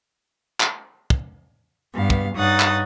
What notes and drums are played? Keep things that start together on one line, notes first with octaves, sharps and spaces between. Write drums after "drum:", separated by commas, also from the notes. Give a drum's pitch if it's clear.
drum: clap
drum: kick
G2 B3 F5
drum: kick
G2 D#4 C#5 F#5 D#6 A6
drum: clap